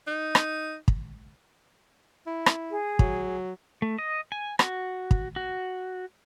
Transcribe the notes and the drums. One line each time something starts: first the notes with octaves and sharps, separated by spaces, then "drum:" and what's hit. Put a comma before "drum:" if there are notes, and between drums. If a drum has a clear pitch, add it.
D#4
drum: rim click
drum: kick
E4
drum: rim click
G#4
F#3, drum: kick
A3
D#5
G#5
F#4, drum: rim click
drum: kick
F#4